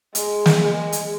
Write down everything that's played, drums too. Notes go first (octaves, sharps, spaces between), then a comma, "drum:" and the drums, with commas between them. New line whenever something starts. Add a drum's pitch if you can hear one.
G#3, drum: hi-hat
drum: snare
G#3
drum: hi-hat